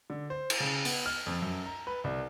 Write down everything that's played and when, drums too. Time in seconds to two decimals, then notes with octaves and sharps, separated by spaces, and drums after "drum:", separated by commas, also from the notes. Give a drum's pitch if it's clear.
0.10 D3
0.30 C5
0.50 drum: cymbal
0.60 C#3
0.85 B3, drum: open hi-hat
1.06 F6
1.26 F2
1.42 F#2
1.66 A#5
1.87 B4
2.04 C2